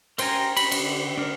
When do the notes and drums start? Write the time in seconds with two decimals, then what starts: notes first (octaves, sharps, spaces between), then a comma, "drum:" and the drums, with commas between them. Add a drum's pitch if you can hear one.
0.18 A#4 C5 G5 G#5 A#5, drum: cymbal
0.57 B5, drum: cymbal
0.72 D3, drum: cymbal
1.17 D4 A#4